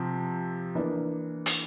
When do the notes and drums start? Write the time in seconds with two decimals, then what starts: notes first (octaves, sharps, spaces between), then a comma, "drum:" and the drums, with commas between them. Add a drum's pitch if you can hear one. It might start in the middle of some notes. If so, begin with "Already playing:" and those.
Already playing: C3 F3 C4
0.75 E3 A#3 D4
1.46 drum: hi-hat